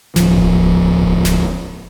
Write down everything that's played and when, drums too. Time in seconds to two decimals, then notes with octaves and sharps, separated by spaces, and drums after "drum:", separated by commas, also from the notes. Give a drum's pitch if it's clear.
0.16 D1 F3, drum: snare
0.38 drum: kick E1
1.03 drum: kick E1
1.25 drum: snare